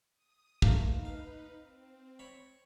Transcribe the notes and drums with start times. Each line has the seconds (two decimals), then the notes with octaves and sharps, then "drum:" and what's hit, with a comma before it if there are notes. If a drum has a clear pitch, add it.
0.13 D#6
0.62 A3 A#3 D#4 F4 B4, drum: kick
1.05 F5
1.49 C4
2.19 C#5 B5